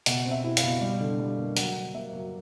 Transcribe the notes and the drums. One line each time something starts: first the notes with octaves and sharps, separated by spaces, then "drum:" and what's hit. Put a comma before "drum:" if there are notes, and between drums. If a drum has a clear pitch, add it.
B2 F#5, drum: hi-hat
C4
E5
E4
F5, drum: hi-hat
B2
G3
D3
G3
A#3
F#3 F#5, drum: hi-hat
F#3
A#3 E5
F#3